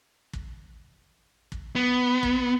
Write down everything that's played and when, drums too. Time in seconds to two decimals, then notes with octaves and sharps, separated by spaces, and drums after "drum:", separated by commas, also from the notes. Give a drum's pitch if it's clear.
0.33 drum: kick
1.52 drum: kick
1.75 B3
2.23 drum: kick